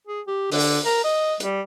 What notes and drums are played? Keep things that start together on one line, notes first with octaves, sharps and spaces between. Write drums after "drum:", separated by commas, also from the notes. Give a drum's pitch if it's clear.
G#4
G4
D3, drum: open hi-hat
A#4
D#5
G3, drum: hi-hat